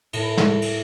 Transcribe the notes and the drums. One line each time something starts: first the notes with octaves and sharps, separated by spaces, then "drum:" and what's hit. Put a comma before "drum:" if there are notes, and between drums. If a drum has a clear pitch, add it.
A2, drum: cymbal
drum: snare
drum: cymbal